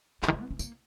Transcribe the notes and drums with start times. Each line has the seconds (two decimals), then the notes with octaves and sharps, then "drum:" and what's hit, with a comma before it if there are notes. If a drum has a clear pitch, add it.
0.23 C#3, drum: clap
0.28 D#3
0.33 F3
0.41 B3
0.51 C#4
0.59 A#3, drum: tambourine